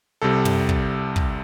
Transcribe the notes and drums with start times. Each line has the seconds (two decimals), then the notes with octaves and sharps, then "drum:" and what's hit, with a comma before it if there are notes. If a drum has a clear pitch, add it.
0.22 C2 C3 G3 A4
0.45 drum: tom
0.69 drum: kick
1.16 drum: kick